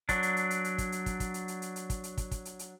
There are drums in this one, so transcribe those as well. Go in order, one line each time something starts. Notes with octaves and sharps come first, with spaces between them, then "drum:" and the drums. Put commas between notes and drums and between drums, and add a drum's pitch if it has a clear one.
F#3 D4, drum: kick, hi-hat
drum: hi-hat
drum: hi-hat
drum: hi-hat
drum: hi-hat
drum: kick, hi-hat
drum: hi-hat
drum: kick, hi-hat
drum: kick, hi-hat
drum: hi-hat
drum: hi-hat
drum: hi-hat
drum: hi-hat
drum: kick, hi-hat
drum: hi-hat
drum: kick, hi-hat
drum: kick, hi-hat
drum: hi-hat
drum: hi-hat